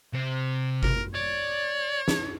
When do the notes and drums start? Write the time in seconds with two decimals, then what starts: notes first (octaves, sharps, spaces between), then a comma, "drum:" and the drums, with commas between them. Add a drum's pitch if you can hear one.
0.13 C3 C5
0.83 A#4, drum: kick G1
1.14 C#5 D5
2.08 drum: snare